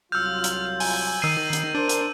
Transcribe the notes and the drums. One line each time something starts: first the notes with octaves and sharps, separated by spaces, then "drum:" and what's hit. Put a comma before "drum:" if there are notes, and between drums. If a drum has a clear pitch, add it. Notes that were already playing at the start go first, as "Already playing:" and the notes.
C2 F#3 F4 E6 F6 G6
drum: hi-hat
G#5, drum: open hi-hat
D#3 E6 C7 D#7
drum: hi-hat
D4 A#4 C5
drum: hi-hat